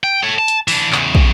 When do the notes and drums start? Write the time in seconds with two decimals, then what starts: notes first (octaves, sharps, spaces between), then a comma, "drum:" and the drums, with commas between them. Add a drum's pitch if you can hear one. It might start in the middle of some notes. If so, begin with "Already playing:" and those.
0.04 G5
0.23 A4 C#5
0.39 A5
0.48 drum: hi-hat
0.68 E3 D4, drum: open hi-hat
0.93 E2 C#3, drum: clap
1.15 drum: kick